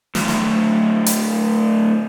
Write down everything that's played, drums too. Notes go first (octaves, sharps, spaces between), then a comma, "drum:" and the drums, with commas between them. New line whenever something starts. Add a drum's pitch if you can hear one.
D2 A2, drum: snare
drum: snare
drum: hi-hat